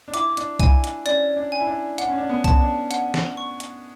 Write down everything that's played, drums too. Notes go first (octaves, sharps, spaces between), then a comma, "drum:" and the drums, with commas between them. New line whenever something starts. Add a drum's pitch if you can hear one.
D4
E4 D6, drum: hi-hat
D4, drum: hi-hat
E4 G#5, drum: kick, hi-hat
D4, drum: hi-hat
C#4 D5, drum: hi-hat
D4
G#5
E4
D4
D4 F#5, drum: hi-hat
C#4
D4
B3
A5, drum: kick, hi-hat
D4
F#5, drum: hi-hat
drum: snare
C#6
drum: hi-hat